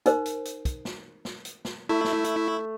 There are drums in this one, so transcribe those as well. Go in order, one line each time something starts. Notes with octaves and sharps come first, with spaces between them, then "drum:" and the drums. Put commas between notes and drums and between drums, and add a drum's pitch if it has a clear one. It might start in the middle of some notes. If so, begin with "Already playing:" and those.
D#4 A#4 C5, drum: hi-hat
drum: hi-hat
drum: hi-hat
drum: kick, hi-hat
drum: snare
drum: snare
drum: hi-hat
drum: snare
A3 E4
drum: snare
drum: hi-hat